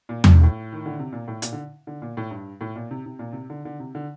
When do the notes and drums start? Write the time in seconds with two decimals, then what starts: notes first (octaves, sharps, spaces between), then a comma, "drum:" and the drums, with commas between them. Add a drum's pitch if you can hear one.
0.09 A#2
0.24 A#2, drum: tom E2
0.34 G2
0.43 A2
0.72 D#3
0.86 D3
0.99 C3
1.13 A#2
1.28 A2
1.42 A#2, drum: hi-hat
1.53 D3
1.87 D3
2.02 A#2
2.17 A2
2.31 G2
2.61 A2
2.76 A#2
2.91 C3
3.06 C3
3.19 A#2
3.33 C3
3.50 D3
3.65 D3
3.80 C3
3.95 D3